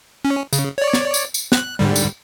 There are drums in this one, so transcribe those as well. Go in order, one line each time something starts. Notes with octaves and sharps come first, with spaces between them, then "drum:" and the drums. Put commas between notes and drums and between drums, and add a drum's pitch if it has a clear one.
C#4
C#3, drum: tambourine
C#5 D5
drum: snare
drum: tambourine
drum: tambourine
F#6, drum: snare
G#2 D3 G3
drum: tambourine